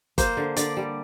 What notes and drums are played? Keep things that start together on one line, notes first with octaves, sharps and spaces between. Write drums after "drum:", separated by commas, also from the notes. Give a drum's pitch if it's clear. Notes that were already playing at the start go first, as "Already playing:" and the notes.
A#3 C5, drum: kick G1, hi-hat
D3
D3 D5, drum: hi-hat
G3